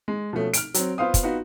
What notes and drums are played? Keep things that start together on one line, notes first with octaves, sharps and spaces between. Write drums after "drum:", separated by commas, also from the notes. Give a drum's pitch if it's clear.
G#3
B2 F3 A3 C#4
F6 D7, drum: hi-hat
F#3 C4, drum: hi-hat
B3 F4 C5 F5 D#6
drum: kick, hi-hat
B3 D#4 F4 F#4